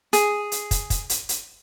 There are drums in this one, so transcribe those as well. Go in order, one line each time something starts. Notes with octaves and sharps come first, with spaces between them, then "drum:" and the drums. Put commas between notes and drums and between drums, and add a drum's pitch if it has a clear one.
G#4, drum: hi-hat
drum: hi-hat
drum: kick, hi-hat
drum: kick, hi-hat
drum: hi-hat
drum: hi-hat